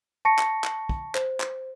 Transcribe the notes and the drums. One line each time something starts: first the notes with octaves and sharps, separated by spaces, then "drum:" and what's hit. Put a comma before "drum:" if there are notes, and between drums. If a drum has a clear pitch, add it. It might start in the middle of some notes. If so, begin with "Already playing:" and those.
A5 C#6 A#6 C#7
drum: clap
drum: clap
drum: kick
C5, drum: clap
drum: clap